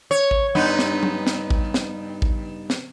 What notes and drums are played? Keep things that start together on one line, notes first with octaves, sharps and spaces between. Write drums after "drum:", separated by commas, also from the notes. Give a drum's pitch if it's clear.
C#5
drum: kick A1
G2 B3 D#4
drum: snare
drum: tom F#3
drum: snare
drum: kick A1
drum: snare
drum: kick A1
drum: snare